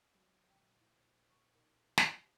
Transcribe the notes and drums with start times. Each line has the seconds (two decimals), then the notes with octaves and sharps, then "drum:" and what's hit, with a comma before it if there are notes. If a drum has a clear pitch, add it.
0.15 F#3 G#3
0.50 A#1 D3 G5
0.81 E4 C5
1.30 C#6
1.54 B2 D#4 A#4
1.98 drum: snare
2.13 C3 G4